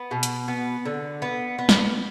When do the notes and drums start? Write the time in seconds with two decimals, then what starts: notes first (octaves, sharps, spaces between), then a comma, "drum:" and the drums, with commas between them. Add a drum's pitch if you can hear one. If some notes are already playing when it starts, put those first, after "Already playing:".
Already playing: B3
0.11 B2
0.23 drum: hi-hat
0.48 B3
0.85 D3
1.22 B3
1.59 B3
1.69 drum: snare